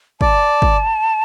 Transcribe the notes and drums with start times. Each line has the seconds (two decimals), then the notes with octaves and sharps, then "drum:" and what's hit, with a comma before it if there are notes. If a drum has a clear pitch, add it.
0.21 D5 A5, drum: kick
0.62 drum: kick